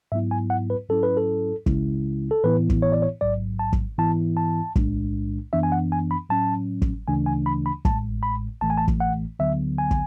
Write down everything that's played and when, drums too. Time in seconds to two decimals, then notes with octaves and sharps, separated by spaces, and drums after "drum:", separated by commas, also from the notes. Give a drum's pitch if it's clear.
0.12 G#2 F#3 B3 E4 E5
0.31 G#5
0.50 F#5
0.70 B4
0.89 G#2 F#3 C#4 E4 A4
1.03 B4
1.17 A4
1.66 C#2 C#3 G#3 C#4 E4, drum: kick
2.31 A4
2.44 A2 E3 B3 E4 B4
2.70 drum: kick
2.82 C#5
2.92 D5
3.02 C#5
3.21 A1 G#2 F#3 D5
3.59 A5
3.73 drum: kick
3.98 G#2 E3 B3 E4 A5
4.37 A5
4.76 B1 A2 G#3 D4, drum: kick
5.53 F#2 E3 B3 D4 E5
5.63 G#5
5.72 F#5
5.92 G#5
6.11 B5
6.30 A2 F#3 C#4 A5
6.82 drum: kick
7.08 D2 C#3 E3 A3 D4 G#5
7.26 G#5
7.46 B5
7.66 B5
7.85 A1 A2 G#3 A5, drum: kick
8.23 B5
8.61 A1 A2 E3 A3 A5
8.70 G#5
8.78 A5
8.88 drum: kick
9.00 F#5
9.39 D2 D3 F#3 B3 E5
9.78 G#5
9.91 drum: kick